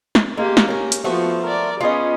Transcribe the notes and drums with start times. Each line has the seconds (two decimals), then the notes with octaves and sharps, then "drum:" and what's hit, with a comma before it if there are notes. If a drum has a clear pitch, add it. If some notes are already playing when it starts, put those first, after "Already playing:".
0.15 drum: snare
0.38 G#3 A#3 G4
0.57 drum: snare
0.68 C#4 G4 A#4
0.92 drum: hi-hat
1.04 F3 A3 B3 F#4 C5
1.43 A#4 D5
1.81 B3 C#4 F4 G#4 D#5